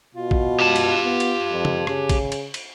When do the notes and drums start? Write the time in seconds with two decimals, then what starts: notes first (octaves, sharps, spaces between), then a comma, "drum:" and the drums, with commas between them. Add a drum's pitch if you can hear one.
0.15 B2 F4
0.31 drum: kick A#1
0.60 G4 A5
0.76 drum: cymbal
1.04 B3
1.20 drum: cymbal
1.51 F2
1.65 drum: tom
1.87 C#3, drum: rim click
2.09 drum: kick A#1, cymbal
2.32 drum: cymbal
2.54 drum: cymbal